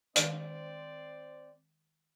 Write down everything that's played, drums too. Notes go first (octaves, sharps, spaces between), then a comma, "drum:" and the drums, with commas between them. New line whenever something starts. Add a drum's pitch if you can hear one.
D#3 G#3 C4 G4 C5 D5, drum: hi-hat